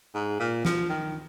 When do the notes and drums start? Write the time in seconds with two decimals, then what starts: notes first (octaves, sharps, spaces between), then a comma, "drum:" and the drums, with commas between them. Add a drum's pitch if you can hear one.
0.15 G#2
0.40 A#2
0.65 F3, drum: snare
0.89 D#3